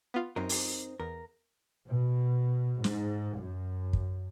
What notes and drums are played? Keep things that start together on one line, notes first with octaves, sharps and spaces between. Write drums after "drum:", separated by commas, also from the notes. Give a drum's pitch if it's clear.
B3 F4
F#2 C4 D#4 A#4
drum: open hi-hat
E2 A#4
B2
G#2, drum: snare
F#2
drum: kick